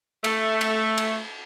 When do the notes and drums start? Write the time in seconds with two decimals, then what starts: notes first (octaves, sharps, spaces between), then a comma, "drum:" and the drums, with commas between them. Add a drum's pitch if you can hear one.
0.24 A3, drum: cymbal
0.61 drum: cymbal
0.98 drum: cymbal